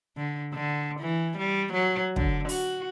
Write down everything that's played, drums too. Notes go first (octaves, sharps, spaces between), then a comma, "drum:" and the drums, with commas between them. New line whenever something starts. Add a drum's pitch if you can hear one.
D3
D3
E3
G3
F#3
D3, drum: kick
F#4, drum: open hi-hat